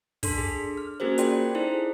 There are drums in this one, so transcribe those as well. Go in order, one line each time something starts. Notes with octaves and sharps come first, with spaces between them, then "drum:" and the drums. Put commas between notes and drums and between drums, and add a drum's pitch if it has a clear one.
D4 A4 C6 B6, drum: kick, open hi-hat
G#4
F6
A#3 C#4 F#4 G#4 A#4 C5
F4 C5 D5 G5 C6, drum: hi-hat
D#4 E4 G#4 A4 C5